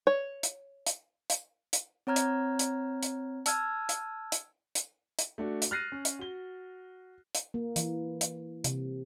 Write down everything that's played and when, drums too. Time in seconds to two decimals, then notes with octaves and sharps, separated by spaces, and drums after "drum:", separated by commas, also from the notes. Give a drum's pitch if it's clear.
0.07 C#5
0.43 drum: hi-hat
0.87 drum: hi-hat
1.30 drum: hi-hat
1.73 drum: hi-hat
2.07 C4 C#5 A#5 F6 G#6
2.16 drum: hi-hat
2.59 drum: hi-hat
3.03 drum: hi-hat
3.46 A5 E6 F6 G#6, drum: hi-hat
3.89 drum: hi-hat
4.32 drum: hi-hat
4.75 drum: hi-hat
5.19 drum: hi-hat
5.38 A3 D4 F#4
5.62 drum: hi-hat
5.71 F6 F#6 A6 A#6 C7 D#7
5.92 C#4
6.05 drum: hi-hat
6.19 F#4 G7
7.35 drum: hi-hat
7.54 A#3
7.76 E3, drum: hi-hat
8.21 drum: hi-hat
8.64 C3, drum: hi-hat